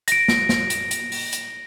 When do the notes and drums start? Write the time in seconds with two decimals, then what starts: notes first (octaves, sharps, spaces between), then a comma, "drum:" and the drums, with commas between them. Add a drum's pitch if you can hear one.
0.08 A#6 D7, drum: hi-hat
0.28 drum: snare
0.49 drum: snare
0.70 drum: hi-hat
0.91 drum: hi-hat
1.12 drum: open hi-hat
1.33 drum: hi-hat